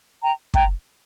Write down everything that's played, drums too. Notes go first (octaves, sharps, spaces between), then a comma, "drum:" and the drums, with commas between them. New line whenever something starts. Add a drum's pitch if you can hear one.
G5 A#5
G5 A#5, drum: kick